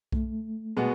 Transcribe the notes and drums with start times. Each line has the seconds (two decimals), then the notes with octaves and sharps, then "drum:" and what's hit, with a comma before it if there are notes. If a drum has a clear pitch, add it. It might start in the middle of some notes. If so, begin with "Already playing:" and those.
0.12 A3, drum: kick B1
0.77 B2 G#3 B3 F#4